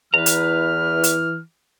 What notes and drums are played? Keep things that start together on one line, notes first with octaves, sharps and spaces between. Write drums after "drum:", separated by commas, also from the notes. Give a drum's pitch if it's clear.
E2 E3 B4 A#5 F6
drum: hi-hat
drum: hi-hat